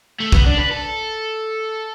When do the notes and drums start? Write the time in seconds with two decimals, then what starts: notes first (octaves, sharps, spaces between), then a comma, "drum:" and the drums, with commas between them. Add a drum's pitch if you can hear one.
0.20 A3
0.32 B3, drum: kick B1
0.46 D4
0.58 B4
0.71 A4